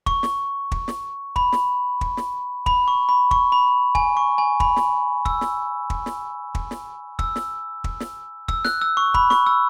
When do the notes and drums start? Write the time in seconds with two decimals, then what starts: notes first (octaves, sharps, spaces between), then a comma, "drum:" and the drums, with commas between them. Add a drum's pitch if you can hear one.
0.06 C#6, drum: kick
0.23 drum: snare
0.72 drum: kick
0.88 drum: snare
1.36 B5, drum: kick
1.53 drum: snare
2.01 drum: kick
2.17 drum: snare
2.66 B5, drum: kick
2.88 C#6
3.09 B5
3.31 C#6, drum: kick
3.52 B5
3.95 G#5, drum: kick
4.17 C#6
4.38 G#5
4.60 B5, drum: kick
4.76 drum: snare
5.25 E6, drum: kick
5.41 drum: snare
5.90 drum: kick
6.06 drum: snare
6.55 drum: kick
6.71 drum: snare
7.19 E6, drum: kick
7.36 drum: snare
7.84 drum: kick
8.00 drum: snare
8.48 E6, drum: kick
8.65 F#6, drum: snare
8.81 E6
8.97 C#6
9.14 B5, drum: kick
9.30 C#6, drum: snare
9.47 E6